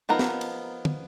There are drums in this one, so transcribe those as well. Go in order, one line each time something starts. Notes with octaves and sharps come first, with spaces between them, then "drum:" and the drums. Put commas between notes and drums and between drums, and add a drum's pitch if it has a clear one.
F3 B3 D#4 A#4
drum: snare
drum: cymbal
drum: tom